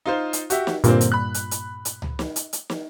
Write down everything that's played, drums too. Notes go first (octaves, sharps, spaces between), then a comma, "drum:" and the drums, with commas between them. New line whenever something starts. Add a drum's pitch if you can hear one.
D#4 F4 C5
drum: hi-hat
F#4 G4 E5, drum: hi-hat
drum: snare
G2 A#2 D3 A#3 C4, drum: hi-hat
drum: hi-hat
B5 F#6
drum: hi-hat
drum: hi-hat
drum: hi-hat
drum: tom C#2
drum: snare
drum: hi-hat
drum: hi-hat
drum: snare